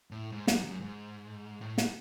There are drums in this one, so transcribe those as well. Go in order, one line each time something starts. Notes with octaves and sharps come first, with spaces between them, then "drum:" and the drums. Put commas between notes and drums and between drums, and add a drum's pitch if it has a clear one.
A2
G#2
F#2, drum: snare
F#2
G#2
A2
drum: snare